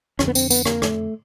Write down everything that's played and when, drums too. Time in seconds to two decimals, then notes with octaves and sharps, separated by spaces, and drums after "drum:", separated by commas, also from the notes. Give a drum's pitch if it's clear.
0.19 F2 D3 C#4, drum: rim click
0.28 B3
0.35 C4, drum: tambourine
0.50 B3, drum: tambourine
0.65 A#3, drum: rim click
0.82 A3, drum: rim click